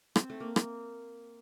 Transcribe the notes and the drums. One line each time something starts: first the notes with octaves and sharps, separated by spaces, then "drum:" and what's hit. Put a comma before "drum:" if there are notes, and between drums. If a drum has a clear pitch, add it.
C4, drum: rim click
A3
A#3
drum: rim click